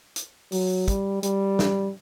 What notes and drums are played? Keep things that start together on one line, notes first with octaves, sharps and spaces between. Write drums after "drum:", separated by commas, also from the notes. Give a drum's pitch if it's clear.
drum: hi-hat
F#3, drum: open hi-hat
G3, drum: kick, hi-hat
G3, drum: hi-hat
drum: snare